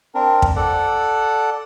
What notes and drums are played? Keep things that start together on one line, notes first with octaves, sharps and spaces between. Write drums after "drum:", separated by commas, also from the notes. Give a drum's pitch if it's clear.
C4 D4 A#4
drum: kick
A4 D5 F#5